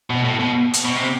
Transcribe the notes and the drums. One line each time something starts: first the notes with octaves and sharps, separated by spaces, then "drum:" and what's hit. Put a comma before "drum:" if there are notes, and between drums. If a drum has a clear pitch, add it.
B2
A2
B2
drum: hi-hat
B2
C3